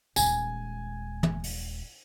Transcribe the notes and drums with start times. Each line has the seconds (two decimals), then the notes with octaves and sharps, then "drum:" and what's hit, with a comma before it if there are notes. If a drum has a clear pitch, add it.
0.16 D#1 G#3 G#5, drum: tambourine
1.23 drum: tom
1.44 drum: open hi-hat